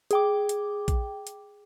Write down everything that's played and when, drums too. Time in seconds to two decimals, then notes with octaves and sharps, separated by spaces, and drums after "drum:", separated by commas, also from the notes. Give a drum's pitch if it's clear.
0.11 G#4 G5 D6, drum: hi-hat
0.49 drum: hi-hat
0.88 drum: kick A#1, hi-hat
1.27 drum: hi-hat